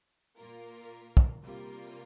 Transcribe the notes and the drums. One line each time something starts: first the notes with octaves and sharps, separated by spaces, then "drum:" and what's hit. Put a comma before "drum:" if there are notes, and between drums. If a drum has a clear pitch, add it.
A#2 A#3 F4 A#4
drum: kick
C3 G3 A#3 F4 A#4